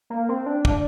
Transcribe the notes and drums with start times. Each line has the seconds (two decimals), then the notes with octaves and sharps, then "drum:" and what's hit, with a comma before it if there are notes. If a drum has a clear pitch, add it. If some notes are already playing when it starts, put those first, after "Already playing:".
0.10 A#3
0.29 C4
0.46 D4
0.65 D4, drum: kick